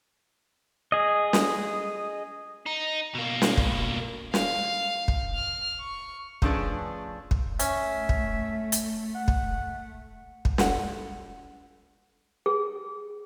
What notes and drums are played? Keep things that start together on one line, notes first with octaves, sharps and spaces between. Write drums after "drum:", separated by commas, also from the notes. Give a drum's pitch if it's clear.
G#4 D#5
drum: snare
D#4
B2 A#3
drum: snare
drum: kick
F5, drum: snare
drum: kick
F6
C#6
F3 A3 C#4 D4 G#4 B4, drum: kick
drum: kick
A3 C#4 E5, drum: hi-hat
drum: kick
drum: hi-hat
F#5
drum: kick
drum: kick
A4 F#5, drum: snare
G#4